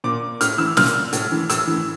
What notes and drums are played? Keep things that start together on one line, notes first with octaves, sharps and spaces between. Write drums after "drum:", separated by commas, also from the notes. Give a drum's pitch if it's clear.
A#2 D6
A2 F6, drum: hi-hat
E3 E6
A#2 F6, drum: snare
A2, drum: hi-hat
E3
A2 E6, drum: hi-hat
E3